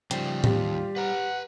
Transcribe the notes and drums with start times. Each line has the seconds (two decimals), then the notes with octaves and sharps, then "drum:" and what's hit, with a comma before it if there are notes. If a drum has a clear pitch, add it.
0.11 C#3 F3 G3 C5 G5, drum: hi-hat
0.44 D#2 F4 G4, drum: tom A2
0.96 B4 F#5 A#5